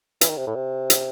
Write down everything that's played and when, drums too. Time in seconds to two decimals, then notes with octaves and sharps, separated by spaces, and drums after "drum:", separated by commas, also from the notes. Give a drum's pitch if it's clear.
0.21 E3, drum: hi-hat
0.30 D#3
0.37 C3
0.46 A2
0.56 C3
0.90 drum: hi-hat